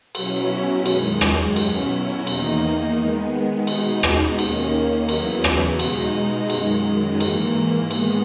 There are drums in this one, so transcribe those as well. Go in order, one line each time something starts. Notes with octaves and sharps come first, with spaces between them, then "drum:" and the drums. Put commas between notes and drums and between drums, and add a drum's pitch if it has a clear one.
B2 F#3 C#4 E4, drum: cymbal
F#2 D#3 G#3, drum: cymbal
drum: rim click
B2 F#3 C#4 E4, drum: cymbal
E2 D#3 A#3 D#4, drum: cymbal
D#3 G#3 B3
B2 G#3 B3 D#4, drum: cymbal
drum: rim click
D#2 D#3 A#3 C#4, drum: cymbal
E2 C#3 F#3 B3 E4, drum: cymbal
drum: rim click
B2 G#3 D#4, drum: cymbal
F#2 D#3 G#3, drum: cymbal
G#2 E3 A#3, drum: cymbal
D#3 G#3 B3, drum: cymbal